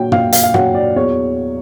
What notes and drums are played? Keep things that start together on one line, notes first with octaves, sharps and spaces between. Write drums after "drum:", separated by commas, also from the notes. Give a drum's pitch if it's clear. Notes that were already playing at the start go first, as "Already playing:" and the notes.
Already playing: A#2 F#3 G5
A#2 F5, drum: tom
F5, drum: hi-hat
F5
F#3 F#5, drum: tom
D5
E2 C#5